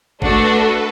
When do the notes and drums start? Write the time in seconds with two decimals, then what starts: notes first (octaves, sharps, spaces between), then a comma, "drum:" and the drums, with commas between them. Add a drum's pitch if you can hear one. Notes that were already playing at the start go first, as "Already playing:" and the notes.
0.22 A3 D4 F#4 A4 B4, drum: kick G1